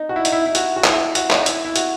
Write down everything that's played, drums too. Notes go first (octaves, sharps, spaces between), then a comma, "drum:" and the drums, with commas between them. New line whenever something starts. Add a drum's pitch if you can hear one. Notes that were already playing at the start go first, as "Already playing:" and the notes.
Already playing: D#4
F#4
E4
D#4, drum: hi-hat
E4
E4
F#4, drum: hi-hat
F#4
E4, drum: clap
F#4, drum: hi-hat
D#4, drum: clap
E4, drum: hi-hat
E4
F#4, drum: hi-hat